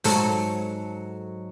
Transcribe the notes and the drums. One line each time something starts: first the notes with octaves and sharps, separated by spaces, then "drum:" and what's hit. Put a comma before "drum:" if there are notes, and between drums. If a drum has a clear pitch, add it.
G#2 F#3 A4, drum: open hi-hat